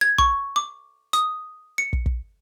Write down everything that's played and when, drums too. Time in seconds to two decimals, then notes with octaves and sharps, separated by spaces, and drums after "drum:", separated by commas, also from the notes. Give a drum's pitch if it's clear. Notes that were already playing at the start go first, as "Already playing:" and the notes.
0.01 G#6
0.18 C#6, drum: kick
0.56 D6
1.13 D#6, drum: hi-hat
1.78 C#7
1.93 drum: kick
2.06 drum: kick